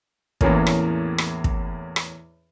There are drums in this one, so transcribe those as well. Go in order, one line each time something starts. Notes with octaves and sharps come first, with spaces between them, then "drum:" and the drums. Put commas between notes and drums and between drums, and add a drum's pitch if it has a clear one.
E2 A2 E3 A#3 C#4, drum: kick
drum: rim click
drum: rim click
drum: kick
drum: rim click